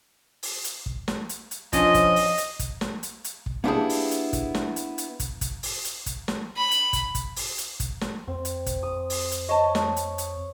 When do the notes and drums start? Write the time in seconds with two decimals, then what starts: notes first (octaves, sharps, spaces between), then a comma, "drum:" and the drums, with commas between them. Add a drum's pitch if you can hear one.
0.43 drum: open hi-hat
0.64 drum: hi-hat
0.86 drum: kick
1.08 drum: snare
1.29 drum: hi-hat
1.51 drum: hi-hat
1.73 F3 C#4 D4 D#5, drum: kick, hi-hat
1.94 drum: kick, hi-hat
2.16 drum: open hi-hat
2.38 drum: hi-hat
2.59 drum: kick, hi-hat
2.81 drum: snare
3.03 drum: hi-hat
3.24 drum: hi-hat
3.46 drum: kick
3.64 A#3 B3 D4 E4 G4 G#4
3.89 drum: open hi-hat
4.11 drum: hi-hat
4.33 drum: kick, hi-hat
4.55 drum: snare
4.76 drum: hi-hat
4.98 drum: hi-hat
5.20 drum: kick, hi-hat
5.41 drum: kick, hi-hat
5.63 drum: open hi-hat
5.85 drum: hi-hat
6.06 drum: kick, hi-hat
6.28 drum: snare
6.57 B5
6.71 drum: hi-hat
6.93 drum: kick, hi-hat
7.15 drum: kick, hi-hat
7.36 drum: open hi-hat
7.58 drum: hi-hat
7.80 drum: kick, hi-hat
8.01 drum: snare
8.27 F2 C4
8.45 drum: hi-hat
8.66 drum: kick, hi-hat
8.83 D#6
9.10 drum: open hi-hat
9.31 drum: hi-hat
9.49 C#5 D#5 A5
9.75 drum: snare
9.96 drum: hi-hat
10.18 drum: hi-hat